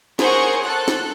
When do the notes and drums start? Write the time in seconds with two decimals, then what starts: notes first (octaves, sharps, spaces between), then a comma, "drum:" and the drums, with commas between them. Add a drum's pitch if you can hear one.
0.19 G#4 A#4 C5 C#5 F#5 C#6, drum: snare
0.62 A4 F#6
0.88 drum: snare